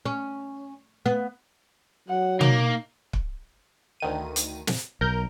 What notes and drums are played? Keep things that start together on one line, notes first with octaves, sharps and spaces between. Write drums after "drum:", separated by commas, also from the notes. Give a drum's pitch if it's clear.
C#4
B3
F#3 F#5
A#3 D#4, drum: tom
drum: kick
D2 D#3 D#7
drum: hi-hat
drum: snare
B1 A#4 G6